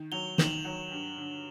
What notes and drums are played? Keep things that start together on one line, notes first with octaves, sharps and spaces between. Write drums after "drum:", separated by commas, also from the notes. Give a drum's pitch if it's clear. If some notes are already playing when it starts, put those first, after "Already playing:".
Already playing: D#3
F#3 F7 G7
D#3 E7 F#7, drum: snare
F#3
G2
D3